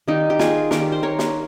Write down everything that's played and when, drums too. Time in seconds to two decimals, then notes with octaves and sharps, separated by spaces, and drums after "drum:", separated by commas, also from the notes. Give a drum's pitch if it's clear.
0.08 D#3 G3 A#3 D#4 G4
0.30 G4
0.39 F4 G#4, drum: snare
0.71 D#3 G3 A#3 G4 A#4, drum: snare
0.92 C5
1.03 A#4 C#5
1.19 drum: snare